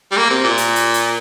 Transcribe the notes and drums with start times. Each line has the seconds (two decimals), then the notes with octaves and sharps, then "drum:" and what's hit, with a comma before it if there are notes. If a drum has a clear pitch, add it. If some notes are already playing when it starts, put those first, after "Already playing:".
0.12 G3
0.17 A#3
0.30 C3
0.44 A#2
0.58 drum: hi-hat
0.76 drum: hi-hat
0.94 drum: hi-hat